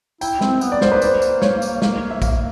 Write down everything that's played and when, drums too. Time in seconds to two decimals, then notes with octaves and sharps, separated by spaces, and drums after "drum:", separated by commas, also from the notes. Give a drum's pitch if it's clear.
0.21 E4 G5, drum: tambourine
0.41 C4, drum: snare
0.61 B3, drum: tambourine
0.72 D5
0.81 A#3 C5, drum: snare
0.92 B4
1.02 C5, drum: tambourine
1.22 drum: tambourine
1.42 C#5, drum: snare
1.62 drum: tambourine
1.82 A#3, drum: snare
2.10 E5
2.22 A#3 F5, drum: kick, tambourine